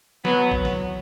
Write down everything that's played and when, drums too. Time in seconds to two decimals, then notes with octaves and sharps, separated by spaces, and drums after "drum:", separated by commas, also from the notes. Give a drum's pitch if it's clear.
0.25 F#3 B3, drum: snare
0.52 drum: kick A1
0.65 drum: snare